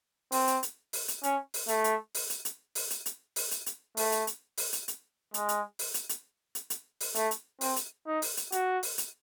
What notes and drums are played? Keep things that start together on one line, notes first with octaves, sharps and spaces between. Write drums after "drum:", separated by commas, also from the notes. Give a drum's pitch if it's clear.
C4, drum: open hi-hat
drum: hi-hat
drum: hi-hat
drum: open hi-hat
drum: hi-hat
C#4, drum: hi-hat
drum: open hi-hat
A3, drum: hi-hat
drum: hi-hat
drum: open hi-hat
drum: hi-hat
drum: hi-hat
drum: open hi-hat
drum: hi-hat
drum: hi-hat
drum: open hi-hat
drum: hi-hat
drum: hi-hat
A3, drum: open hi-hat
drum: hi-hat
drum: hi-hat
drum: open hi-hat
drum: hi-hat
drum: hi-hat
G#3, drum: hi-hat
drum: hi-hat
drum: open hi-hat
drum: hi-hat
drum: hi-hat
drum: hi-hat
drum: hi-hat
drum: open hi-hat
A3, drum: hi-hat
drum: hi-hat
C4, drum: open hi-hat
drum: hi-hat
D#4
drum: open hi-hat
drum: hi-hat
F#4, drum: hi-hat
drum: open hi-hat
drum: hi-hat